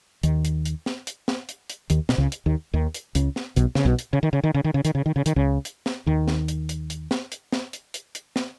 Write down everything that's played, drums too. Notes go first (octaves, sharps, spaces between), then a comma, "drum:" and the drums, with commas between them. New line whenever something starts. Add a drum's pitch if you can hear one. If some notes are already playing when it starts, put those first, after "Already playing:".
D#2 D#3, drum: hi-hat
drum: hi-hat
drum: hi-hat
drum: snare
drum: hi-hat
drum: snare
drum: hi-hat
drum: hi-hat
D#2 D#3, drum: hi-hat
B2, drum: snare
C#2 C#3
drum: hi-hat
D#2 D#3
D#2 D#3
drum: hi-hat
C#2 C#3, drum: hi-hat
drum: snare
B1 B2, drum: hi-hat
C#3, drum: snare
B1 B2
drum: hi-hat
C#3
D#3
C#3
D#3
C#3
D#3
C#3
D#3, drum: hi-hat
C#3
D#3
C#3
D#3, drum: hi-hat
C#2 C#3
drum: hi-hat
drum: snare
D#2 D#3
drum: snare
drum: hi-hat
drum: hi-hat
drum: hi-hat
drum: snare
drum: hi-hat
drum: snare
drum: hi-hat
drum: hi-hat
drum: hi-hat
drum: snare